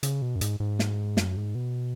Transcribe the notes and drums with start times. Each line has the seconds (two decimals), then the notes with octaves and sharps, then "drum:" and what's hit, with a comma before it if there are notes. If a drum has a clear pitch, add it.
0.03 C#3, drum: hi-hat
0.22 B2
0.36 F#2
0.41 G#2, drum: hi-hat
0.60 G#2
0.79 drum: snare
1.17 F#2, drum: snare
1.37 G#2
1.55 B2